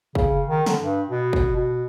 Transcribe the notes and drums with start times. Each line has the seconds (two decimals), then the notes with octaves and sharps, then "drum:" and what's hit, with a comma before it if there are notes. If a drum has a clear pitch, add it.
0.15 C#3, drum: kick
0.47 D#3
0.66 D3, drum: snare
0.81 G2
1.09 B2
1.33 drum: kick
1.56 B2